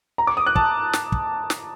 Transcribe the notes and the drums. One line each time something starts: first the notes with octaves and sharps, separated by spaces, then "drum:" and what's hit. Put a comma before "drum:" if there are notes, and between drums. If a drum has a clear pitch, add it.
A#5
D6
D#6
F#6
A5, drum: kick
drum: snare
drum: kick
drum: snare